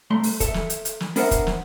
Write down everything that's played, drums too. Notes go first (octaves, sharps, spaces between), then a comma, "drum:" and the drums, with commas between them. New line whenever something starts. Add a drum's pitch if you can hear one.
C2 A3 C6
drum: open hi-hat
A4 E5, drum: kick, hi-hat
drum: snare
drum: hi-hat
drum: hi-hat
drum: snare
B3 D4 A#4 C5 E5 F#5, drum: open hi-hat
drum: kick, hi-hat
drum: snare